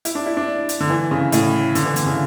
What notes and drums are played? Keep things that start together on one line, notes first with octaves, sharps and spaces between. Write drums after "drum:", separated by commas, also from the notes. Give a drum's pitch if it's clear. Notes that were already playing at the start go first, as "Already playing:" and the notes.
E4, drum: hi-hat
D4
E4
D4
drum: hi-hat
D3
E3
C#3
A2, drum: hi-hat
D3, drum: hi-hat
E3
D3, drum: hi-hat
C#3